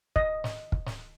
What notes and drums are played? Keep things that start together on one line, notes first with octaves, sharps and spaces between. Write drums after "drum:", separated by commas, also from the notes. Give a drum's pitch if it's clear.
D#5, drum: kick
drum: snare
drum: kick
drum: snare